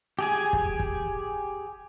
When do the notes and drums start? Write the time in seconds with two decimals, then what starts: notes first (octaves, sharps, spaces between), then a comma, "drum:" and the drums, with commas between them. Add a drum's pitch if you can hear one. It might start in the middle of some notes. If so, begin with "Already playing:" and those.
0.19 G4 G#4 G#5
0.53 drum: kick
0.80 drum: kick